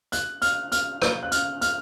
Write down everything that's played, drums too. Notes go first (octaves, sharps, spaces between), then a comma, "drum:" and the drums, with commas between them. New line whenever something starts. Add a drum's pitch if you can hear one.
F#6, drum: hi-hat
F6, drum: hi-hat
F6, drum: hi-hat
G6, drum: rim click
F#6
F6, drum: hi-hat
F6, drum: hi-hat